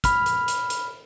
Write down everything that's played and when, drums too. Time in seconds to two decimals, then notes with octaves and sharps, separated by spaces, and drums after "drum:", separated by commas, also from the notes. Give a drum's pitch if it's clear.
0.04 B5 F6, drum: kick, hi-hat
0.26 drum: hi-hat
0.48 drum: hi-hat
0.70 drum: hi-hat